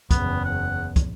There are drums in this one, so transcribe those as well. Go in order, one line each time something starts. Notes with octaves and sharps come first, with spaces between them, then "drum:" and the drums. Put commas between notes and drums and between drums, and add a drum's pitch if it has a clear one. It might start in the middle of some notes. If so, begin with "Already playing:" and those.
F#1 E2 B3, drum: kick, hi-hat
F#5
drum: kick, hi-hat